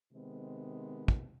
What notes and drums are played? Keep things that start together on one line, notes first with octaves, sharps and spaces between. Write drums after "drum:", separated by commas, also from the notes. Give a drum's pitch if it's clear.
C3 D#3 G#3 B3 C4
drum: kick